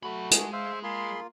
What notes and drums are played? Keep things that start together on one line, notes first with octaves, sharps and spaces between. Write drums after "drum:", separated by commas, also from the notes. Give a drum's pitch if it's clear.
F#3 A3 F#4 B5
G#3 G#4, drum: hi-hat
C5 E5 F5
A#3 F4 G#4 B5 C6